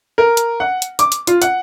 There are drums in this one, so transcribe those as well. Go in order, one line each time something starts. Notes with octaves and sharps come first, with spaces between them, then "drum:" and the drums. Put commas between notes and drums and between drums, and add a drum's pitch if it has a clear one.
A#4
drum: hi-hat
F#5
drum: hi-hat
D6, drum: hi-hat
drum: hi-hat
F4, drum: hi-hat
F#5, drum: hi-hat